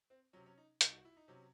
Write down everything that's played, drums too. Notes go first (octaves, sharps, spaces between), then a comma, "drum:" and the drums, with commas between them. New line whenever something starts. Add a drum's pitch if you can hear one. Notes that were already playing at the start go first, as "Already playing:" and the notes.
C4
C3 F#3 C#4
C#4
D#4
C2 D#4, drum: hi-hat
F#4
E4
D#4
C3 F#3 C#4